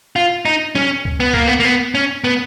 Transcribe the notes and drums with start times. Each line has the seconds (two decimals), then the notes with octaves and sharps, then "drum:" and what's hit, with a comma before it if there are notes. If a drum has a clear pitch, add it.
0.16 F4
0.45 D#4
0.75 C#4, drum: snare
1.05 drum: kick C#2
1.20 B3
1.34 A#3, drum: kick C#2
1.47 B3
1.60 A#3
1.65 B3
1.95 C#4
2.24 B3